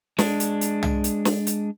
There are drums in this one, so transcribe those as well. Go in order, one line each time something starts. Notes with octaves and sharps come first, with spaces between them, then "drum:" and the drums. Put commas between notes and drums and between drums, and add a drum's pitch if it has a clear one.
G#3 D4, drum: snare
drum: hi-hat
drum: hi-hat
drum: tom
drum: hi-hat
drum: snare
drum: hi-hat